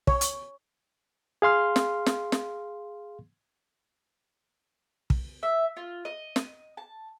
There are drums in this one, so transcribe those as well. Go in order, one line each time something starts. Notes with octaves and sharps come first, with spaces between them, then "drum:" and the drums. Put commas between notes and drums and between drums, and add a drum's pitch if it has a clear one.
C#5, drum: kick
drum: hi-hat
G#4 F5 C6 F6
drum: snare
drum: snare
drum: snare
drum: kick
E5
F4
D#5
drum: snare
A5